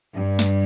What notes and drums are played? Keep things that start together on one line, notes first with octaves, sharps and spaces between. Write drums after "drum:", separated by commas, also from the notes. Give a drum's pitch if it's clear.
G2
drum: snare